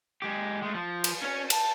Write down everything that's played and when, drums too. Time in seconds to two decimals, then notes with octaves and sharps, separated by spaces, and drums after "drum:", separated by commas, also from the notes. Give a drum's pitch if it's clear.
0.22 G#3 G4
0.62 G#3 A3
0.75 F3
1.04 drum: cymbal
1.22 C#4 C#5
1.50 A5, drum: cymbal